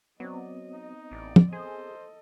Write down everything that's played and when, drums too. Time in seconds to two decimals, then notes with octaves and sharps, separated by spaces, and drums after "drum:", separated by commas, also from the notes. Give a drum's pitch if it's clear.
0.20 F#3 B3 C4 D5 D#5
0.73 D#4
1.11 A1 D5
1.36 drum: tom
1.52 G#4 A4 C5 D#5